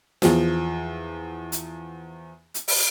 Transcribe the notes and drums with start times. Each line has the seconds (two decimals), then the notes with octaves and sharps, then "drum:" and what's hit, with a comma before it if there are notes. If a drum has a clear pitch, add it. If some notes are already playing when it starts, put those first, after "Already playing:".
0.22 E2 F3, drum: snare
1.52 drum: hi-hat
2.54 drum: hi-hat
2.68 drum: open hi-hat